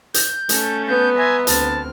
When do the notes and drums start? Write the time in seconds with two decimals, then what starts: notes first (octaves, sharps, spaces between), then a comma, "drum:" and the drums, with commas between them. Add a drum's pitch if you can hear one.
0.14 G6, drum: hi-hat
0.49 A3 C#4 A4, drum: hi-hat
0.87 B3 G6
1.17 E5 G#5 A#5 C6
1.47 D2 C4 A5 F6, drum: hi-hat